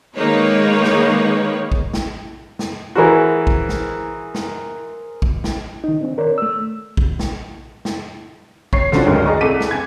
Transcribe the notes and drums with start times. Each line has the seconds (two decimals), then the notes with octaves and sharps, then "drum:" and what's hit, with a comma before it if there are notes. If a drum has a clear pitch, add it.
0.16 D#3 G#3 A#3 D#4 B4 C#5
0.84 drum: snare
1.72 drum: kick A#1
1.93 drum: snare
2.59 drum: snare
2.95 E3 F#4 G#4 A#4 C5
3.47 drum: kick A#1
3.69 drum: snare
4.34 drum: snare
5.22 drum: kick A#1
5.44 drum: snare
5.84 D#3 D#4
6.01 D#3 C4 D4
6.18 A#4 C#5 D5
6.38 A3 E6
6.97 drum: kick A#1
7.19 drum: snare
7.85 drum: snare
8.73 C#5 C7, drum: kick A#1
8.92 D3 F3 F#3 C#4 D4 F#4, drum: snare
9.06 A1 D2 G2 D#3 F#3 G#3
9.26 G#4 D5 D#5 A#5 C#6
9.41 C2 G#4 A4 D6 B6 D#7
9.60 drum: snare
9.71 G#5 G#6